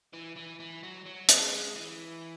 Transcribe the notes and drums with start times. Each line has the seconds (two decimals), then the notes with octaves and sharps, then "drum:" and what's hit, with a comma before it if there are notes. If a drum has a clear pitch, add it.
0.14 E3
0.36 E3
0.60 E3
0.83 F#3
1.06 F#3
1.29 G#3, drum: hi-hat
1.52 G#3
1.75 E3